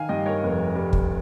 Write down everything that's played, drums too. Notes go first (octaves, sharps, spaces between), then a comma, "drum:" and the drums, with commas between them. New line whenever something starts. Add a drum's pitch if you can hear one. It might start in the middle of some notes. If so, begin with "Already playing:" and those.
Already playing: D#3 F5 G#5
G2 D#5 G5
A#4 C#5
F1
G3
drum: kick